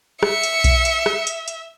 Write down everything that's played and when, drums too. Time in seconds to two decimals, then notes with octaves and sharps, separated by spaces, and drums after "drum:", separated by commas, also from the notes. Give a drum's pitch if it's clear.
0.23 E5 C#7, drum: rim click
0.43 drum: hi-hat
0.64 drum: kick B1, hi-hat
0.85 drum: hi-hat
1.06 drum: rim click
1.27 drum: hi-hat
1.48 drum: hi-hat